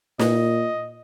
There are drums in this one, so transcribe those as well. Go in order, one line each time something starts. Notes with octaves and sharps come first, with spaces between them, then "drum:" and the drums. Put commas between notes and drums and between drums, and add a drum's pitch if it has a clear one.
A#2 D#5, drum: snare